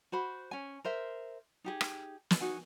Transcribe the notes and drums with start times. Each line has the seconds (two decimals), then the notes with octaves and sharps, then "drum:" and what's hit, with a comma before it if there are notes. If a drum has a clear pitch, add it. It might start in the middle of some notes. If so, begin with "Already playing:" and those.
0.12 F#4 C5 B5
0.51 C#4 G#5
0.85 A#4 C5 E5
1.64 D#4 G4 G#4
1.81 drum: rim click
2.31 drum: snare
2.40 D#4 F#4 G#5